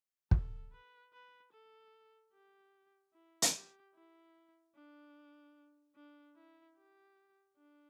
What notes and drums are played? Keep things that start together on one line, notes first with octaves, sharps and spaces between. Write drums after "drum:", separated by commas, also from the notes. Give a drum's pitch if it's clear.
A4, drum: kick
B4
B4
A4
G4
E4
drum: hi-hat
G4
E4
D4
D4
E4
G4
D4